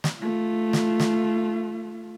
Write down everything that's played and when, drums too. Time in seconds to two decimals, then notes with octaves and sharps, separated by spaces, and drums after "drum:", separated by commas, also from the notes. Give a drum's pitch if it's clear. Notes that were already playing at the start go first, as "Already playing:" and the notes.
0.04 drum: snare
0.20 A3 F4
0.73 drum: snare
1.00 drum: snare